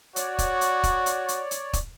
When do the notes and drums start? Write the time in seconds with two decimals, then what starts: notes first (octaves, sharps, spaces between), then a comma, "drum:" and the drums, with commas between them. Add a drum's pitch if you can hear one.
0.16 F#4 C#5 D5, drum: hi-hat
0.39 drum: kick, hi-hat
0.61 drum: hi-hat
0.83 drum: kick, hi-hat
1.06 drum: hi-hat
1.28 drum: hi-hat
1.51 drum: hi-hat
1.73 drum: kick, hi-hat